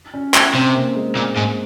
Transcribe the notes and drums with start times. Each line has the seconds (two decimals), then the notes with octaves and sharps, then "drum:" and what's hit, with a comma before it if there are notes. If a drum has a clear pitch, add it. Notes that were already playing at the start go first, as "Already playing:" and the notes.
0.14 C#4
0.34 C#4, drum: clap
0.54 C3 C4
0.74 A#3
0.95 G#3
1.15 A#2
1.36 G#2